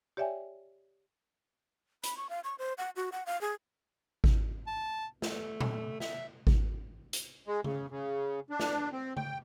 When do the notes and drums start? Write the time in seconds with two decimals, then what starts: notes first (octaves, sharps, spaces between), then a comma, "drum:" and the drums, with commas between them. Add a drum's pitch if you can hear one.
0.17 G4 C#5 D5 E5 G5 G#5
2.03 B5, drum: hi-hat
2.17 C#6
2.30 F5
2.44 C#6
2.59 C5
2.78 F#5
2.96 F#4
3.12 F#5
3.26 F5
3.41 G#4
4.24 drum: kick G#1
4.67 A5
5.22 A3, drum: snare
5.61 drum: tom A#2
6.00 E5, drum: snare
6.47 drum: kick G#1
7.13 drum: hi-hat
7.47 G#3
7.64 C#3, drum: tom C#3
7.90 C#3
8.50 D4
8.60 drum: snare
8.92 C4
9.17 G5, drum: tom C#3